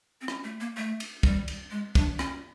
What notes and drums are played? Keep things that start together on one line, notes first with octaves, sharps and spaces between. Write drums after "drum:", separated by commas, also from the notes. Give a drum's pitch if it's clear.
C4
C#4, drum: rim click
A3
A#3
A3
drum: cymbal
G3, drum: kick
drum: cymbal
G#3
D4, drum: kick, cymbal
C#4, drum: rim click